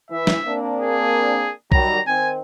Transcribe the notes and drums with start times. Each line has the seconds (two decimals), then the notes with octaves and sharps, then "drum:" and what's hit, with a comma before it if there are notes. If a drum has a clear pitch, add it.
0.11 E3 E5
0.27 drum: snare
0.46 A#3 C4 D4
0.79 G#4
1.72 D#3 F#3 G3 A#5, drum: kick B1
2.07 D#3 C4 G#5